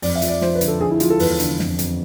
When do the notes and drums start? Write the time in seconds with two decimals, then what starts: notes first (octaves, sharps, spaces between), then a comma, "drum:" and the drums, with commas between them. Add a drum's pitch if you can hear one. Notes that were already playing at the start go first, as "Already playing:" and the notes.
0.02 F2 D5, drum: open hi-hat
0.16 E5
0.22 F3, drum: hi-hat
0.28 D5
0.41 F3 C5, drum: snare
0.55 B4
0.61 D3, drum: hi-hat
0.68 A4
0.81 D3 G#4
0.91 E4
1.00 F3 F4, drum: hi-hat
1.10 A4
1.19 E2 B4, drum: open hi-hat
1.40 D3, drum: hi-hat
1.59 F2, drum: snare
1.79 F2, drum: hi-hat